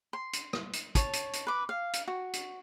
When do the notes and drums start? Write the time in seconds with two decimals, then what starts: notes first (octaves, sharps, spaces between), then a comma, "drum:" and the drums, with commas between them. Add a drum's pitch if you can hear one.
0.13 C6
0.33 drum: hi-hat
0.53 drum: rim click
0.73 drum: hi-hat
0.95 C#5 A5, drum: kick, hi-hat
1.13 drum: hi-hat
1.33 drum: hi-hat
1.47 B4 D6
1.69 F5
1.93 drum: hi-hat
2.08 F#4
2.33 drum: hi-hat